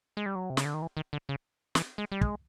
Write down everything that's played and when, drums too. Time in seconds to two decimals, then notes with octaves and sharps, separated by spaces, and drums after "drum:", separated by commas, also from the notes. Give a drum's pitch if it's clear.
0.17 G#3
0.26 G3
0.35 F#3
0.50 C3
0.57 C#3, drum: snare
0.65 D3
0.74 D#3
0.82 E3
0.97 D#3
1.13 D3
1.29 C#3
1.75 E3, drum: snare
1.98 G#3
2.12 G3
2.21 G#3, drum: kick